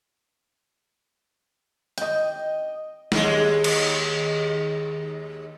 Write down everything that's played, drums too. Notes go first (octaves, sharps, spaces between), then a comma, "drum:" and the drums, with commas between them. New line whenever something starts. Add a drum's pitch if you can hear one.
D#5 G5, drum: hi-hat
D#2 G#3, drum: snare
drum: cymbal